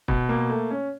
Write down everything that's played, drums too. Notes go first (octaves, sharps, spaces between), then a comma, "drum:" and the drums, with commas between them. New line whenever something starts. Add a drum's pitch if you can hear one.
B2, drum: kick
A#3
A3
C#4